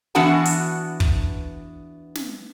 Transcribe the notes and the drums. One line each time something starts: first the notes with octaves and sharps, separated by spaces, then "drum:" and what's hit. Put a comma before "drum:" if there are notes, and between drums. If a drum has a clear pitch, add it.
E3 B3 D4 F#4 F#5 A5
drum: hi-hat
drum: kick
drum: snare